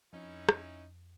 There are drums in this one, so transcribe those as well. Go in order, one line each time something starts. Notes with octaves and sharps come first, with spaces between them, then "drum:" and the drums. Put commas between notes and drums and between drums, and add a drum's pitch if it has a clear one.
F2 C#4 D#4 E4
drum: rim click